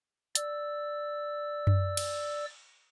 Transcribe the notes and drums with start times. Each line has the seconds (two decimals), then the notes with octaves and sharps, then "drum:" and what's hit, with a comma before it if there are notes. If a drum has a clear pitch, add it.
0.35 D5 E6, drum: hi-hat
1.67 drum: tom F#2
1.97 drum: cymbal